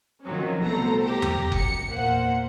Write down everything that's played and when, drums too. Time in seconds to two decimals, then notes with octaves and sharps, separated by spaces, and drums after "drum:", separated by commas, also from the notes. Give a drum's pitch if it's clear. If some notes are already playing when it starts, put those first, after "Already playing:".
0.24 D#3 F3 F#3 C4 C#4
0.63 C2 B2 A3 A4 C5 A#5
1.03 G4 A#5
1.22 drum: tom E2
1.52 F#2 C#7, drum: kick F#1
1.89 E2 A#2 A#3 C5 F#5